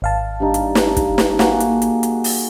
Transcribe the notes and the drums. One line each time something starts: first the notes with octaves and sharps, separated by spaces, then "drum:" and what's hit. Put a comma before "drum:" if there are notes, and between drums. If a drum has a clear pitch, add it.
G#1 F5 A5
G2 D#4
drum: hi-hat
drum: snare
drum: kick, hi-hat
drum: snare
A#3 F#4 G#4, drum: snare
drum: hi-hat
drum: hi-hat
drum: hi-hat
drum: open hi-hat